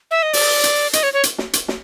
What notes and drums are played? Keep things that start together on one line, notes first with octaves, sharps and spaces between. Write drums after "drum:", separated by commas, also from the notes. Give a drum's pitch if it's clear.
E5
D#5
D5, drum: open hi-hat
drum: hi-hat
D#5, drum: hi-hat
C#5
C#5
drum: hi-hat
drum: snare
drum: hi-hat
drum: snare